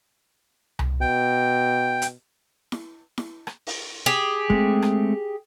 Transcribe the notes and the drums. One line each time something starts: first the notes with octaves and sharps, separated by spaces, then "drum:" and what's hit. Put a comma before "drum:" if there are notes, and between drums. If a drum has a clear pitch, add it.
drum: tom C2
B2 G5
drum: hi-hat
drum: snare E4
drum: snare E4
drum: rim click
drum: open hi-hat
G4 G#4
G#3 A3 C4, drum: kick
drum: rim click